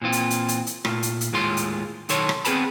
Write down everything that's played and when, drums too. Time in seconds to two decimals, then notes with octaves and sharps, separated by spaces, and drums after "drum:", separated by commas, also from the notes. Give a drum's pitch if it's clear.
0.02 A#2 E3 C4 F4
0.12 drum: hi-hat
0.30 drum: hi-hat
0.49 drum: hi-hat
0.67 drum: hi-hat
0.85 A#2 A3 F4, drum: rim click
1.03 drum: hi-hat
1.21 drum: hi-hat
1.32 D#2 A2 G#3 F4 C6
1.57 drum: hi-hat
2.09 B1 D#3 A4 C#5 C6, drum: hi-hat
2.29 drum: rim click
2.45 B3 C4 G#4 B4 A5 B5, drum: hi-hat